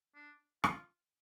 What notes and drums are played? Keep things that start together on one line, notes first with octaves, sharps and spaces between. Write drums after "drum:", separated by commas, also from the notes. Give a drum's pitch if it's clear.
D4
F4, drum: rim click